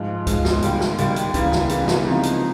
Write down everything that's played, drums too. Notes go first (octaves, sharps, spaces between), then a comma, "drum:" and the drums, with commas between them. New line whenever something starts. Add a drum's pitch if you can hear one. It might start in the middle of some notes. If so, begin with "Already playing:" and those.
Already playing: G#2 F3 G#3
G#2 F3 G#3, drum: kick C#2, hi-hat
drum: snare
D#2 D#3 G3, drum: hi-hat
drum: snare
D#2 D#3 G3, drum: hi-hat
drum: hi-hat
C#3 E3 G3 A#3, drum: kick C#2, hi-hat
drum: snare
C#3 E3 G3 A#3, drum: hi-hat
drum: snare
C#2 C3 F3 A#3 D#4
drum: hi-hat